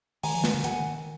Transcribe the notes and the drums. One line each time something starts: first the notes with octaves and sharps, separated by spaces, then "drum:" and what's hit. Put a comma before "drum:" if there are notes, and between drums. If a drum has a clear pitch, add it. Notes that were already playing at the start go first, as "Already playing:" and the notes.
D#3 G#5 A#5, drum: open hi-hat
F3
D#3, drum: snare
D3
D#3 F#5 G#5, drum: hi-hat